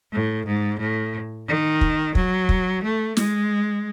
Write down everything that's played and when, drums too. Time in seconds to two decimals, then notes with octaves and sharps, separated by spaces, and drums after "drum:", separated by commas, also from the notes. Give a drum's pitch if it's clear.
0.12 A2
0.46 G#2
0.79 A2
1.47 D#3
1.81 drum: kick
2.15 F#3, drum: kick
2.49 drum: kick
2.83 A3
3.17 G#3, drum: snare